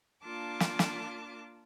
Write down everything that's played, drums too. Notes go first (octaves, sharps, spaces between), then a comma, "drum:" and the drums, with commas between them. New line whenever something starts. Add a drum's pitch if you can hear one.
A#3 D4 F4 A5 D6
drum: snare
drum: snare